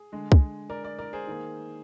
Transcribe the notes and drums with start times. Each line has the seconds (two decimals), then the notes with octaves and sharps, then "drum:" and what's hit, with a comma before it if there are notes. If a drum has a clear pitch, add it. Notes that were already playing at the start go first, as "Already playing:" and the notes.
Already playing: G#4
0.12 D3 G#3
0.32 drum: kick
0.70 A#4 D5
0.84 A#4 D5
0.99 A#4 D5
1.13 G#4 C5
1.27 D#3 A#3